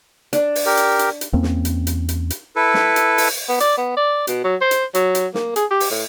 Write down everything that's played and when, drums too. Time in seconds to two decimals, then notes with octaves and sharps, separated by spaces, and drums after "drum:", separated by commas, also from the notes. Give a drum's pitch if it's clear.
0.33 D4, drum: hi-hat
0.55 drum: open hi-hat
0.66 G4 A#4
0.77 drum: hi-hat
0.99 drum: hi-hat
1.21 drum: hi-hat
1.33 E2 A#3 C4 C#4
1.43 drum: snare
1.65 drum: hi-hat
1.87 drum: hi-hat
2.09 drum: hi-hat
2.30 drum: hi-hat
2.56 E4 A4 B4
2.74 drum: snare
2.96 drum: hi-hat
3.18 drum: open hi-hat
3.48 B3
3.60 D5, drum: hi-hat
3.78 B3
3.97 D5
4.27 B2, drum: hi-hat
4.44 F#3
4.61 C5
4.71 drum: hi-hat
4.95 F#3, drum: hi-hat
5.15 drum: hi-hat
5.34 A#3, drum: snare
5.56 G#4, drum: hi-hat
5.71 G4
5.80 drum: open hi-hat
5.91 A2